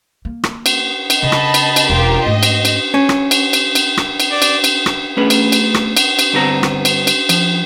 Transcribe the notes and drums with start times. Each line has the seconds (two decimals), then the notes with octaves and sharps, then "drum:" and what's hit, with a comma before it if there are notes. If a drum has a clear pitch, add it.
0.25 A#3
0.44 drum: rim click
0.66 drum: cymbal
1.10 drum: cymbal
1.23 C#3 D#5 A5 B5
1.32 drum: rim click
1.54 drum: cymbal
1.76 drum: cymbal
1.89 E1 D#4 F4 G4 A#4
2.26 G#2 A3 D#5
2.43 drum: cymbal
2.65 drum: cymbal
2.94 C#4
3.09 drum: rim click
3.31 drum: cymbal
3.53 drum: cymbal
3.75 drum: cymbal
3.97 drum: rim click
4.20 drum: cymbal
4.31 D5
4.42 drum: cymbal
4.64 drum: cymbal
4.86 drum: rim click
5.17 A3 B3 C#4 G#4 B4
5.30 drum: cymbal
5.52 drum: cymbal
5.74 drum: rim click
5.97 drum: cymbal
6.19 drum: cymbal
6.33 G2 D3 B3 C4 B4 A#5
6.63 drum: rim click
6.85 drum: cymbal
7.07 drum: cymbal
7.29 F3, drum: cymbal